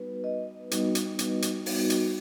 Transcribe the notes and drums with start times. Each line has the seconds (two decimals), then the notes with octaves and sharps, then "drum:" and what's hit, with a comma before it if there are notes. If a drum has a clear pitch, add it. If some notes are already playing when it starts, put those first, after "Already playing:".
Already playing: G3 B3 D#4 F#4 B4
0.24 D#5
0.71 G3 B3 D#4 F#4, drum: hi-hat
0.95 drum: hi-hat
1.19 drum: hi-hat
1.42 drum: hi-hat
1.66 G3 B3 D#4 F#4, drum: open hi-hat
1.90 drum: hi-hat